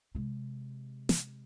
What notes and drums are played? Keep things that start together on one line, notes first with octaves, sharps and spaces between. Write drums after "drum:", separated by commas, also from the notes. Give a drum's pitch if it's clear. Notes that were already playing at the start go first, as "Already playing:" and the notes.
C3 G#3
drum: snare